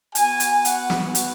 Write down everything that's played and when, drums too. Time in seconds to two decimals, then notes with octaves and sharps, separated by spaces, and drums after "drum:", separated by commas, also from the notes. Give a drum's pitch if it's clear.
0.15 B3 F#4 G#5, drum: hi-hat
0.40 drum: hi-hat
0.65 F#5, drum: hi-hat
0.90 drum: snare
1.15 drum: hi-hat